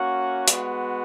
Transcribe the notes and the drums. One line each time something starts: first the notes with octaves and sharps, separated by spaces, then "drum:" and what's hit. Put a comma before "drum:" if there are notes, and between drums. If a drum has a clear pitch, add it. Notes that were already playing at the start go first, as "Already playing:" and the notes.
Already playing: A#3 C#4 F#4 F#5
G#3 B3 F#4, drum: hi-hat